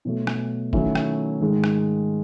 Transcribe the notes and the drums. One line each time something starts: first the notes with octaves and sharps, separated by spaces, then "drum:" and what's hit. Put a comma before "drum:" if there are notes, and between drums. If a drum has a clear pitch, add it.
B2 F#3 A3
drum: rim click
D#3 F#3 A3 C#4 E4, drum: kick F1
drum: rim click
G#2 D#3 G#3
drum: rim click